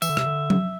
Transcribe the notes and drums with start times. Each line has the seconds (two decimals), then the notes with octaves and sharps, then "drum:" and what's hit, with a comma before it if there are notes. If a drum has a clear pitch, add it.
0.02 E3 E5, drum: tambourine
0.09 D3
0.17 C3, drum: rim click
0.25 D3
0.50 drum: tom F#3